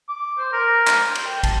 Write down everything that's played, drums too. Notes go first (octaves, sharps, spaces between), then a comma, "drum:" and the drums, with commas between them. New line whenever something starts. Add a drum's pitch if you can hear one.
D6
C5
A#4
drum: clap
C5
drum: cymbal
G5
A5, drum: kick, cymbal